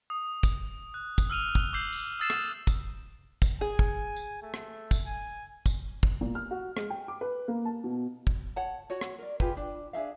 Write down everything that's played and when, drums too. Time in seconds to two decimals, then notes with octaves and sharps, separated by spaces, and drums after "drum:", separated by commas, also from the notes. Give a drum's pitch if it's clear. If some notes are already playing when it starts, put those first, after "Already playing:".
0.10 D#6
0.43 drum: kick, tambourine
0.94 F#6
1.18 drum: kick, tambourine
1.30 E6 F6 D#7 F7
1.55 F7 G7, drum: kick
1.73 D6 E6 G6 C7 F#7
1.93 drum: tambourine
2.19 D#6 E6 A6 C7 E7
2.30 drum: rim click
2.67 drum: kick, tambourine
3.42 drum: kick, tambourine
3.61 G#4 G#5
3.79 drum: kick
4.16 drum: tambourine
4.42 A3
4.54 drum: rim click
4.91 drum: kick, tambourine
5.05 G#5
5.66 drum: kick, tambourine
6.03 drum: kick
6.21 A#2
6.35 F6
6.51 F#4
6.77 G#3, drum: rim click
6.90 G5
7.08 D6
7.21 B4
7.48 A#3
7.65 A5
7.84 B2
8.27 drum: kick
8.56 C#5 F#5 A5
8.90 F#4 C#5
9.01 drum: rim click
9.18 A#4 D5
9.40 F4 G4 G#4 B4, drum: kick
9.57 D4
9.93 D4 G#4 E5 F5